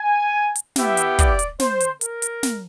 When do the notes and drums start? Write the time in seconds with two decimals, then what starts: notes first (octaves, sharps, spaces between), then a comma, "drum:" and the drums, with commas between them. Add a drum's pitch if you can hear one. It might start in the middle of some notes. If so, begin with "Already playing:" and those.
Already playing: G#5
0.55 drum: hi-hat
0.76 B3 E4 G4 E5, drum: snare
0.97 drum: hi-hat
1.19 D5, drum: kick, hi-hat
1.39 drum: hi-hat
1.60 C5, drum: snare
1.80 drum: hi-hat
2.01 A#4, drum: hi-hat
2.22 drum: hi-hat
2.43 drum: snare